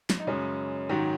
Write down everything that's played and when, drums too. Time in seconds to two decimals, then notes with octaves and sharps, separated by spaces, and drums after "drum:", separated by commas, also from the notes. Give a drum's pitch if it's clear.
0.10 drum: snare
0.19 D#4
0.27 F#2 C#3 G#3 C#4
0.89 G#2 D#3 F#3